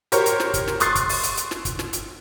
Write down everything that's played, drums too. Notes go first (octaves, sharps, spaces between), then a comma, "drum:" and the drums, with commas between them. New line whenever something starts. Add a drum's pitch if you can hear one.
G4 A#4 C5 C#5, drum: hi-hat
drum: hi-hat
drum: snare
drum: kick, hi-hat
drum: snare
C6 C#6 D#6 F#6 A6 C7, drum: hi-hat
drum: kick, hi-hat
drum: open hi-hat
drum: hi-hat
drum: hi-hat
drum: snare
drum: kick, hi-hat
drum: snare
drum: hi-hat